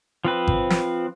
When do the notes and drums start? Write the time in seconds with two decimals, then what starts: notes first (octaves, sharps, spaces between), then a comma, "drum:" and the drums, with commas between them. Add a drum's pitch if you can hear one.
0.25 F3 C4 B4
0.47 drum: kick G#1
0.70 drum: snare